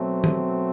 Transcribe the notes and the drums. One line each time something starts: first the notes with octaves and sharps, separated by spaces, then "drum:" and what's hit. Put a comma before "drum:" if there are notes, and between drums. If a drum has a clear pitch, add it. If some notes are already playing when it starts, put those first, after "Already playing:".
Already playing: B2 F#3 A3 C4
G4, drum: tom